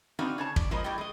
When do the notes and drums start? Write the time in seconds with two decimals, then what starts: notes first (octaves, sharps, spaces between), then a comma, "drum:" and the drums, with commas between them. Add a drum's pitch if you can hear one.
0.19 B3 C4 D4 D#4 F#4 F5
0.38 C#3 C#5 A5
0.56 D5, drum: kick
0.71 F3 G#3 B3 A#4 C5 D#5
0.84 A2 G3 E4 G4 D5 G5
0.98 G#3 D#5